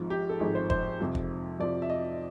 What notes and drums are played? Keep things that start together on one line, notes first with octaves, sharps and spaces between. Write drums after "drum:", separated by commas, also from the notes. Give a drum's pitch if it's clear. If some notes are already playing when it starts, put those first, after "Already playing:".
Already playing: G#1 G#2 F3
G4
A4
G#1 G#2 F3 G#4
C5
C5, drum: kick
F2 C3 F3
drum: kick
F2 C3 F3 D5
E5
D#5